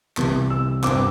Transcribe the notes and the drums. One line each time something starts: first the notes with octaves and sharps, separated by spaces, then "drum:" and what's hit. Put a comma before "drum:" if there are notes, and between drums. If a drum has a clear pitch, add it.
C2 C3 E3 G3, drum: clap
E6
G2 G3 C4 D6, drum: clap